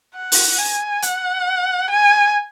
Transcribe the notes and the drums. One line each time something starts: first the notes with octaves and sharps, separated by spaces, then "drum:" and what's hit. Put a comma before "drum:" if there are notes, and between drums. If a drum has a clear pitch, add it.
F#5
drum: open hi-hat
G#5
F#5, drum: hi-hat
G#5